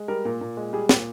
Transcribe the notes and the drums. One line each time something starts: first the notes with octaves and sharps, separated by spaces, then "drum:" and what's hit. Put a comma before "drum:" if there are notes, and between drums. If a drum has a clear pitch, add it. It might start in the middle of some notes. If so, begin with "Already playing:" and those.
Already playing: G#3
G3 A#4
A#2
A#2
G#3
G3 G#4
A#2, drum: snare